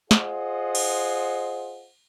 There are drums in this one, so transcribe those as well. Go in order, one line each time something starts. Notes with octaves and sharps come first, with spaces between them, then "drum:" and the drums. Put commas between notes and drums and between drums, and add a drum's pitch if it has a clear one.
F4 G#4 C5 D#5 F#5, drum: snare
drum: cymbal